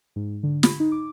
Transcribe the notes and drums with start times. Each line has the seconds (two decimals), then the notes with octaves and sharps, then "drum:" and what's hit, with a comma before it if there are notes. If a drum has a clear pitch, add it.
0.16 G#2
0.43 D3
0.63 B5, drum: snare
0.80 D#4
0.92 D6